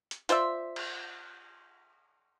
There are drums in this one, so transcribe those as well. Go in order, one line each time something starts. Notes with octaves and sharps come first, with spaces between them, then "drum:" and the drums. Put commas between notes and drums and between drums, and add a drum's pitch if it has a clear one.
drum: hi-hat
F4 C5 D5 E5, drum: hi-hat
drum: cymbal